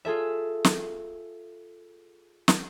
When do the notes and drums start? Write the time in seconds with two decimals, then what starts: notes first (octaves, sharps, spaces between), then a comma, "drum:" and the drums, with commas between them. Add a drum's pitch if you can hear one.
0.05 F4 G#4 A4 E5
0.64 drum: snare
2.48 drum: snare